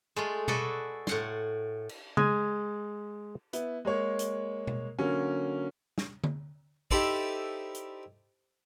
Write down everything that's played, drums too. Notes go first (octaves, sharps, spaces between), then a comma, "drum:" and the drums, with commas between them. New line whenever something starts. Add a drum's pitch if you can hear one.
G#3 A3 F4
F#4 G#4 A4 B4 D5 E5, drum: tom B2
A2 F#5 C6, drum: snare
drum: cymbal
G#3 G#5, drum: tom C#3
B3 E4, drum: hi-hat
G#3 A#3 C#5
drum: hi-hat
drum: tom B2
D3 F#3 A#3 C#4
drum: snare
drum: tom D3
D#4 E4 G4 A4 C5 D5, drum: kick
drum: hi-hat